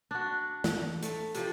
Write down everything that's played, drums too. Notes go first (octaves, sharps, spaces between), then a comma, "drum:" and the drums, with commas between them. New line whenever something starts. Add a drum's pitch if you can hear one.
D4 F#4
E3, drum: snare
A3, drum: hi-hat
C3 F3, drum: hi-hat